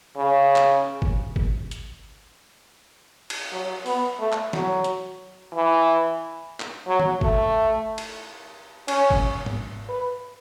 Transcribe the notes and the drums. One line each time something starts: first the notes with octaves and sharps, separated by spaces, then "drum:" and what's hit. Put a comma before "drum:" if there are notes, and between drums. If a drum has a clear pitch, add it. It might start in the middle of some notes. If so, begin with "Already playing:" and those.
C#3
drum: clap
drum: kick G1
drum: kick G1
drum: hi-hat
drum: cymbal
F#3
B3, drum: open hi-hat
A3
drum: clap
F#3, drum: snare
drum: hi-hat
E3
drum: clap
F#3
drum: tom
A3, drum: kick G1
drum: cymbal
C#4, drum: cymbal
drum: kick G1
drum: tom G#2
B4